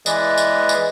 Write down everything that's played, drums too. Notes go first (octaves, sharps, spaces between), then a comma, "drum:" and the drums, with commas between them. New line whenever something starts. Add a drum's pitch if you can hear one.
E3 G#3 G#4 B4 D5 D#5, drum: tambourine
drum: tambourine
drum: tambourine